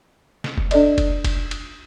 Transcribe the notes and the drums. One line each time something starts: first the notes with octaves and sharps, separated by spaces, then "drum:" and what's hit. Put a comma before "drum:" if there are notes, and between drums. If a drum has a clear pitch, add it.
drum: snare
drum: kick F1
D4 A4 D5 D#5, drum: cymbal
drum: kick F1, cymbal
drum: kick F1, cymbal
drum: cymbal